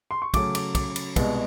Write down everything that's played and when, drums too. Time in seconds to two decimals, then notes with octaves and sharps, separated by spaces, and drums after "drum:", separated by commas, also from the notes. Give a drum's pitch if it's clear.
0.11 C6
0.22 C#6
0.34 C#3 F#3 A3 C#4 D6, drum: kick, cymbal
0.55 D6, drum: cymbal
0.75 D6, drum: kick, cymbal
0.96 drum: cymbal
1.16 C2 B2 G#3 B3, drum: kick, cymbal